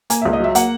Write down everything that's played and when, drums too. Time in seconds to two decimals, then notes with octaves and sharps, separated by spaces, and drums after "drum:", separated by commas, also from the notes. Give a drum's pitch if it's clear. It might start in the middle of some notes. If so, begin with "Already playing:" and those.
0.10 A#3 G#5, drum: hi-hat
0.22 E5
0.25 C#2
0.33 D#5
0.40 F#3 E5
0.55 A#3 F#5, drum: hi-hat